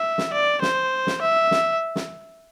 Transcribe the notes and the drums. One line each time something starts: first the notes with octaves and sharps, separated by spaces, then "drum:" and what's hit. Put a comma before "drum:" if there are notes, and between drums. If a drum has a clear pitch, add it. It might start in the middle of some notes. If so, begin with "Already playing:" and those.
Already playing: E5
drum: snare
D5
C5, drum: snare
drum: snare
E5
drum: snare
drum: snare